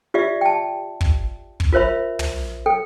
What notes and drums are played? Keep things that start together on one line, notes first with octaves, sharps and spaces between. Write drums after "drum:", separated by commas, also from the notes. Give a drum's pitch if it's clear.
F4 G4 D5 E5
G5 A5
drum: kick
drum: kick
F4 A#4 C5 E5 B5
drum: tom
A4 G5